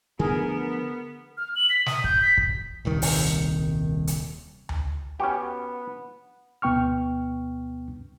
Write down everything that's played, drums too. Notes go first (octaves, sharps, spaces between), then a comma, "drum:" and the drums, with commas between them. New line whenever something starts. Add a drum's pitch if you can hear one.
D3 F3 A3 B3 G#4 A#4
F6
F#7
B6
D#6, drum: snare
G6, drum: kick
B6
drum: kick
D#1 C2 D#3
drum: open hi-hat
drum: hi-hat
drum: tom D2
B3 C#4 F#4 G4
D2 B2 B3 G5 C#6 F6